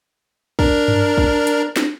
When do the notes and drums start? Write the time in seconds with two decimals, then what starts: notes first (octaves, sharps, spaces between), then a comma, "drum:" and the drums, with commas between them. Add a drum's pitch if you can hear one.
0.59 D4 A#4, drum: kick
0.88 drum: tom G2
1.18 drum: kick
1.47 drum: hi-hat
1.76 drum: snare